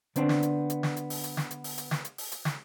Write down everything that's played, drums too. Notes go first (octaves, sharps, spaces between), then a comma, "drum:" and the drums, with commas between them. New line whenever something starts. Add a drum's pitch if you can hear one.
D3 B3 C4 D4, drum: hi-hat
drum: snare
drum: hi-hat
drum: hi-hat
drum: snare
drum: hi-hat
drum: open hi-hat
drum: hi-hat
drum: snare
drum: hi-hat
drum: open hi-hat
drum: hi-hat
drum: snare
drum: hi-hat
drum: open hi-hat
drum: hi-hat
drum: snare